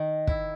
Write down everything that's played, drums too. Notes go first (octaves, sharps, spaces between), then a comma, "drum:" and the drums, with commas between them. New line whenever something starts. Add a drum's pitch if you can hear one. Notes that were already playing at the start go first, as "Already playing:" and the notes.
Already playing: D#3
E4, drum: kick